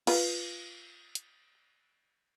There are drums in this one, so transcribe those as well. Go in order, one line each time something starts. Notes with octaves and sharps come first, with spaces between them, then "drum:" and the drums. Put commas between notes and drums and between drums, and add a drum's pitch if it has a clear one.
F4 B4, drum: cymbal
drum: hi-hat